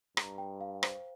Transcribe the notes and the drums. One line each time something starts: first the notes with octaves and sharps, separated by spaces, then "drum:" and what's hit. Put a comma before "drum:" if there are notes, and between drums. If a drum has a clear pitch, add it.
G2 A#5, drum: rim click
G5
F5
C5, drum: rim click